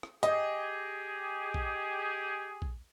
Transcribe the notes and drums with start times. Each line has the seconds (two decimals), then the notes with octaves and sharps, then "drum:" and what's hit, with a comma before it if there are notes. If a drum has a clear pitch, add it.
0.03 drum: rim click
0.23 G4 G#4 D#5, drum: hi-hat
1.54 drum: kick A#1
2.62 drum: kick A#1